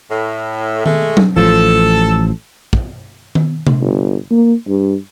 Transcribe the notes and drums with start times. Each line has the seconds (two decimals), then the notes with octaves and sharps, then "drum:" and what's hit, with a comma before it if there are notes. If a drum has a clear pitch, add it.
0.10 A2
0.86 G#3 A3, drum: tom D#3
1.17 drum: tom F#3
1.37 A1 F3 A4
2.73 drum: kick
3.35 drum: tom D#3
3.67 drum: tom C3
3.81 G1
4.31 A#3
4.67 G2